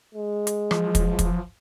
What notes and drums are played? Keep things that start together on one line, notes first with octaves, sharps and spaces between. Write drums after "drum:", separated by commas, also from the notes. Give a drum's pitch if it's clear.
G#3
drum: hi-hat
F3, drum: rim click
drum: kick, hi-hat
drum: kick, hi-hat